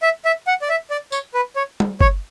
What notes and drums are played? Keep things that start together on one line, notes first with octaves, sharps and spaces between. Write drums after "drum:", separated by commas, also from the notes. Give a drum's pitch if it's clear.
E5
E5
F#5
D5
E5
D5
C#5, drum: tambourine
B4
C#5
drum: tom
C#5, drum: kick F#1